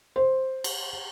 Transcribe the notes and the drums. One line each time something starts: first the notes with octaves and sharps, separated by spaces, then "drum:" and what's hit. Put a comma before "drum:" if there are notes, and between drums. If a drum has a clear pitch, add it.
C5
drum: cymbal